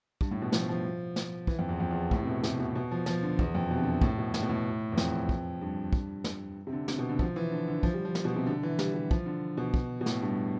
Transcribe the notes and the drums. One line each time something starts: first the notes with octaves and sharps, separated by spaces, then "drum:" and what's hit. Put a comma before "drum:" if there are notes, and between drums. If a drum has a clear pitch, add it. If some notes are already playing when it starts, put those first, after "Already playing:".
G2, drum: kick
A2
B2
F3, drum: snare
F3
drum: snare
E3, drum: kick
F2
E2
F2
E2
A2, drum: kick
C3
B2
C3, drum: snare
B2
B2
F3
F3, drum: snare
D3
E2, drum: kick
F2
B2
C3
D3
A2, drum: kick
B2
A2, drum: snare
B2
A2
E2
F2, drum: snare
drum: kick
G2
drum: kick
drum: snare
C3
D3
C3, drum: snare
B2
D3
F3, drum: kick
E3
D3
D3
F3, drum: kick
G3
F3
drum: snare
B2
C3
D3
E3
G3, drum: snare
G3
F3, drum: kick
D3
B2
drum: kick
B2
A2, drum: snare
G2